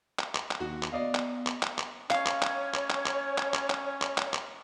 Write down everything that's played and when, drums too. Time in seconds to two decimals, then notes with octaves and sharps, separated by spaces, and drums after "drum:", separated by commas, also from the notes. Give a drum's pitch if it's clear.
0.19 drum: clap
0.35 drum: clap
0.51 drum: clap
0.60 D#2 F#4
0.83 drum: clap
0.92 B3 D5 D#5 F5
1.15 drum: clap
1.47 drum: clap
1.63 drum: clap
1.79 drum: clap
2.10 C#4 C#5 F5, drum: clap
2.26 drum: clap
2.42 drum: clap
2.74 drum: clap
2.90 drum: clap
3.06 drum: clap
3.38 drum: clap
3.54 drum: clap
3.70 drum: clap
4.02 drum: clap
4.18 drum: clap
4.34 drum: clap